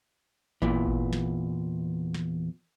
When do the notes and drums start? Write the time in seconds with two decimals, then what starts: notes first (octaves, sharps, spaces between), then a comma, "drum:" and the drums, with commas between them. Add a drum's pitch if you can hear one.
0.62 E2 A#2 E3, drum: kick G#1
0.87 drum: kick G#1
1.13 drum: snare
2.14 drum: snare